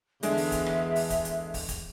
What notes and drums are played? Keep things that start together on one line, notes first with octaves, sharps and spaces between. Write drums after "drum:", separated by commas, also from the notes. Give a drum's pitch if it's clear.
E2 D3 G#3 D4 E5, drum: hi-hat
drum: open hi-hat
drum: kick, hi-hat
drum: rim click
drum: open hi-hat
drum: kick, hi-hat
drum: hi-hat
drum: kick, open hi-hat
drum: kick, hi-hat